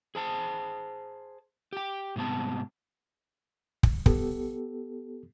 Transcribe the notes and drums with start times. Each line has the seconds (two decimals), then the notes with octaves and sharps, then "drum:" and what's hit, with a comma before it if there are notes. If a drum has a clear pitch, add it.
0.15 G#4 C5 A5
1.73 G4 G5
2.16 G#2 C3 G3 B3 A5
3.83 drum: kick
4.06 B3 G4 A4, drum: kick